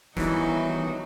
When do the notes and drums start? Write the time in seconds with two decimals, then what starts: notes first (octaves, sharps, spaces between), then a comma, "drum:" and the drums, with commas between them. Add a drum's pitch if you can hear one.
0.17 B2 D#3 E3 F#3 G3 D#4 F#4, drum: snare